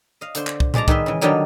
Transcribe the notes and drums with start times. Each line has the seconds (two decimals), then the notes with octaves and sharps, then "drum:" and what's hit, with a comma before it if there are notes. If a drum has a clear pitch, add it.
0.21 D#5 F5
0.35 D3 C5, drum: hi-hat
0.47 drum: clap
0.60 drum: kick C2
0.74 B2 G#3 D5 A5 A#5, drum: tom A2
0.88 D#3 D#4 G#4 B4 E5 C6, drum: kick C2
1.06 C#3 E3
1.21 D3 D#3 F#3 G3 D4 D#4